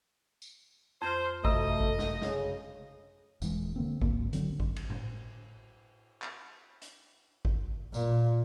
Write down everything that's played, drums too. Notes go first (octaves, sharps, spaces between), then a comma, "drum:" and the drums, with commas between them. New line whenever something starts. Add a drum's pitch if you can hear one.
drum: tambourine
F2 C5 F6
F#2 C3 A3 D#5, drum: kick G#1
drum: kick G#1
drum: snare
C#3, drum: snare
D#1 E3 G#3, drum: tambourine
D3 A#3 C4
D1 C#2 G#2 A#3, drum: kick G#1
D3 F#3 C4, drum: hi-hat
drum: kick G#1
drum: cymbal
drum: tom A2
drum: clap
drum: hi-hat
drum: kick G#1
A#2, drum: tambourine